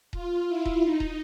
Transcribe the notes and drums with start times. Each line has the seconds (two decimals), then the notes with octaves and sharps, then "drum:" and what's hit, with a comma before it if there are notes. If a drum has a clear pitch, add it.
0.13 F4, drum: kick D#1
0.48 E4
0.65 drum: kick D#1
0.83 D#4
1.00 drum: kick D#1